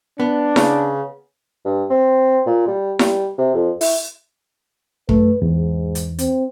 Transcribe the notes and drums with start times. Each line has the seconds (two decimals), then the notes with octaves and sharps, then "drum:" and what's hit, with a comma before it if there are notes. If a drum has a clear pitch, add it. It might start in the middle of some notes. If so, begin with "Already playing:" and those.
0.20 B3 D4
0.56 C#3, drum: snare E4
1.65 G2
1.90 C4
2.47 A#2
2.67 G3
2.99 G3, drum: snare E4
3.38 C3
3.54 F2
3.81 E4, drum: open hi-hat
5.09 F#2 A3 B4, drum: kick
5.42 E2 G#2
5.95 drum: hi-hat
6.19 C4, drum: hi-hat